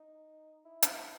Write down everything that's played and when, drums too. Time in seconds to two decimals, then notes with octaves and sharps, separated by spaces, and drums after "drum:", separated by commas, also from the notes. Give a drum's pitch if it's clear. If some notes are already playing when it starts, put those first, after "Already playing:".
Already playing: D#4
0.65 E4
0.82 drum: hi-hat